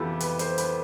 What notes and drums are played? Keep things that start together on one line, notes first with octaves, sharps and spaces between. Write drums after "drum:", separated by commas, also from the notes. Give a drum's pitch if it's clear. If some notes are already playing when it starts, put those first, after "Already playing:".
Already playing: F2 E3 B3 F4 G4 A4 B4
B4, drum: hi-hat
C5, drum: hi-hat
B4, drum: hi-hat